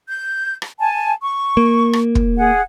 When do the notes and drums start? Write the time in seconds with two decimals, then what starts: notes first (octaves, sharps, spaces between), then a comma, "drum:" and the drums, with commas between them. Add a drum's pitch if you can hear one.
0.08 G6
0.62 drum: rim click
0.79 G#5 A5
1.22 C#6
1.57 A#3
1.93 drum: rim click
2.15 drum: kick
2.37 G#4 F#5